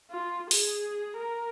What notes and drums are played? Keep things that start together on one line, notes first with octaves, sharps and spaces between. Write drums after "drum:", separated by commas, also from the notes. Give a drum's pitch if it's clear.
F4
G#4, drum: open hi-hat
A#4